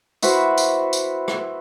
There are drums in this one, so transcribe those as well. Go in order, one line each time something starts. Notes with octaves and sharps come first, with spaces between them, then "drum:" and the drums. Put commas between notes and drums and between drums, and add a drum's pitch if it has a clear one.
E4 F#4 B4 C5, drum: tambourine
drum: tambourine
drum: tambourine
drum: rim click